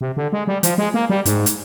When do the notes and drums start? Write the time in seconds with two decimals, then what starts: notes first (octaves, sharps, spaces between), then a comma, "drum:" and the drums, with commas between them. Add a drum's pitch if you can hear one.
0.01 C3
0.17 D3
0.33 G#3
0.47 G3
0.63 F3, drum: hi-hat
0.78 G#3
0.94 A#3
1.10 G3
1.26 G#2, drum: hi-hat
1.46 drum: hi-hat